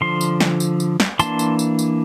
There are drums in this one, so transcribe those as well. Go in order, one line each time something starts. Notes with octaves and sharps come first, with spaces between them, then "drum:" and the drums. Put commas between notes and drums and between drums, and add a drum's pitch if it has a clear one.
D3 F3 C6
drum: tambourine
drum: snare
drum: tambourine
drum: tambourine
drum: snare
E3 A#3 D4 A5 C6, drum: tambourine
drum: tambourine
drum: tambourine
drum: tambourine